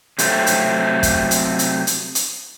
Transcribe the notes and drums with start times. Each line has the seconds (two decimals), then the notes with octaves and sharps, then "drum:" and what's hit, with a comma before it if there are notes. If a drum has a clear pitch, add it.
0.19 C3 F#3 A3 C4, drum: hi-hat
0.47 drum: hi-hat
1.03 drum: kick, hi-hat
1.31 drum: hi-hat
1.59 drum: hi-hat
1.87 drum: hi-hat
2.15 drum: hi-hat